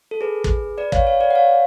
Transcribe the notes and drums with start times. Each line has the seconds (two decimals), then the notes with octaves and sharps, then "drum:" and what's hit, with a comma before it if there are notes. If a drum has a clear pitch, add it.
0.11 A4
0.21 G#4 B4
0.44 drum: kick
0.78 B4 D5
0.92 C#5 F5, drum: kick
1.07 C#5 F5
1.20 B4 D5
1.31 F#5
1.35 C#5 F5